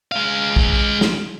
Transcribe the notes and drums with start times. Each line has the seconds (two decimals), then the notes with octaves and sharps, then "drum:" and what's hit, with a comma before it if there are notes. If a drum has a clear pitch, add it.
0.12 G#3 F5
0.56 drum: kick
1.01 drum: snare